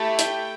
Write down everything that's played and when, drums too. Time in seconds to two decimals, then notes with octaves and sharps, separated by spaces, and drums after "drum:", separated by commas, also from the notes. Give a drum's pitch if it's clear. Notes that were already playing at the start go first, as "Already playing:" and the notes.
Already playing: A3 E4 G4
0.19 G5, drum: hi-hat